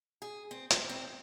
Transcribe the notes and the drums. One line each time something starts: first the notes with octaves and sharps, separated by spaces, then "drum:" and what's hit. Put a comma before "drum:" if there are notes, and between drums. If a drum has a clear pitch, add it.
G#4
C4
C4, drum: hi-hat
C4